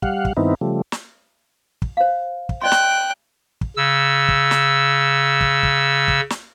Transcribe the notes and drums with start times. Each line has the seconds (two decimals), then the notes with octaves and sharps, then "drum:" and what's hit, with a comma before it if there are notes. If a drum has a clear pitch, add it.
0.02 G3 F5 F#5, drum: kick
0.25 drum: kick
0.37 G2 D#3 B3 C4 D#4 E4
0.61 C#3 F3 G3 A3
0.92 drum: snare
1.82 drum: kick
1.97 C5 F5
2.49 drum: kick
2.62 D5 D#5 G5 C6 F#6
2.72 drum: snare
3.61 drum: kick
3.77 C#3 E6
4.29 drum: kick
4.51 drum: snare
5.41 drum: kick
5.63 drum: kick
6.08 drum: kick
6.30 drum: snare